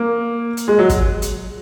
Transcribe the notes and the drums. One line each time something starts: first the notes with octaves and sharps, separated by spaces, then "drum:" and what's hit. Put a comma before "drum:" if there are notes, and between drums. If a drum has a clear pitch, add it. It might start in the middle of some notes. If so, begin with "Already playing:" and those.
Already playing: A#3
drum: hi-hat
G#3
F#3
drum: kick, hi-hat
drum: hi-hat